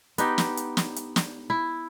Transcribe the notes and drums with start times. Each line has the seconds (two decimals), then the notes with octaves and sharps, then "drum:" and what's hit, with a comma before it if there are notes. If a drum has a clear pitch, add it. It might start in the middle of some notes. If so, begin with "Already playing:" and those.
0.18 B3 D#4 G4, drum: hi-hat
0.38 drum: snare
0.57 drum: hi-hat
0.77 drum: snare
0.96 drum: hi-hat
1.16 drum: snare
1.50 E4